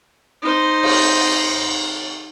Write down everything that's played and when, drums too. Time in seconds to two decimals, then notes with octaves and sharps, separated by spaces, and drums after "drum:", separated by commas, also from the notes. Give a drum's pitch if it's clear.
0.42 D#4 C5
0.83 drum: cymbal